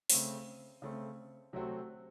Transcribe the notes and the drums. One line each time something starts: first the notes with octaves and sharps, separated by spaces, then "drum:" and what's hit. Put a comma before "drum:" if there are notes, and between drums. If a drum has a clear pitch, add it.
C#3 A3 C4, drum: open hi-hat
C#3 A3 C4
C3 F#3 A3 C4 F#4